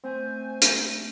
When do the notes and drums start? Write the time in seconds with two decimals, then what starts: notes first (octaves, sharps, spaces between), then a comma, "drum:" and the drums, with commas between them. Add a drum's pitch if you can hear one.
0.04 A3 C4 C5 G#5
0.62 drum: hi-hat